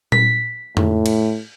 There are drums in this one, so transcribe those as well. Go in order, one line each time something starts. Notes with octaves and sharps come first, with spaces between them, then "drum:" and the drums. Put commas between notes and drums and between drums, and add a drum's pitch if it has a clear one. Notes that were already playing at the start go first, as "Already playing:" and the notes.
B6, drum: tom A#2
A2, drum: tom F2
drum: cymbal